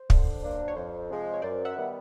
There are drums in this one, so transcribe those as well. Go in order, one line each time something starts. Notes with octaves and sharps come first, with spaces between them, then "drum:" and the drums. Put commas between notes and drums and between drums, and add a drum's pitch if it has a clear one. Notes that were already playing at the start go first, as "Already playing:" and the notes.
Already playing: C5
D3, drum: kick
F#3 A#3 D4
C#5
F2 C5
C3 F3 G#3
C#5
F#2 C5 D5
E5 F#5
D#3 G3 B3